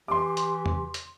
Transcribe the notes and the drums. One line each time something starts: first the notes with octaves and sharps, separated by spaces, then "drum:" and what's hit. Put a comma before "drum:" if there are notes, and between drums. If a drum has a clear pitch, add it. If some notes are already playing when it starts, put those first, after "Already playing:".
E3 G4 C6 D6
drum: hi-hat
drum: tom E2
drum: hi-hat